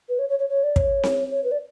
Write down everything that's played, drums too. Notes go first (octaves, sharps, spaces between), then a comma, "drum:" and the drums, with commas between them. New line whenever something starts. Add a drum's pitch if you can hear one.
B4
C#5
C#5
C#5
C#5
D5
C#5, drum: kick
drum: snare C4
C#5
B4
D5